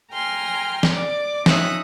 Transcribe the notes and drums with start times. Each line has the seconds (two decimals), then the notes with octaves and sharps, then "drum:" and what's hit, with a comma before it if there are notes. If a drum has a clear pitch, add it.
0.13 G5 G#5 A#5 C6 F6
0.83 drum: snare
0.95 D5 D6
1.46 F3 C#4 D#4 E5 D#6 F#6, drum: snare